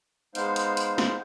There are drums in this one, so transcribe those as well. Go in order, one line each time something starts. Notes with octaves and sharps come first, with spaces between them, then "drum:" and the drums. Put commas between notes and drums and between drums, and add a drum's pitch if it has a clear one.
G#3 B3 D#4 C5 F5, drum: hi-hat
drum: hi-hat
drum: hi-hat
drum: snare